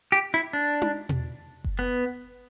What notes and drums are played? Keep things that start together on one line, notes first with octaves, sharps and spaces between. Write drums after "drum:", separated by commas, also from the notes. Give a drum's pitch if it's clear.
G4
E4
D4
drum: tom D#4
drum: tom B2
drum: kick F#1
B3